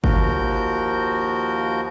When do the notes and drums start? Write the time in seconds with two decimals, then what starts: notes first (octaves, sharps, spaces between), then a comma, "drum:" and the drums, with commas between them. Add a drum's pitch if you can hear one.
0.04 D#2 F3 F#4 A#4 G6, drum: kick G1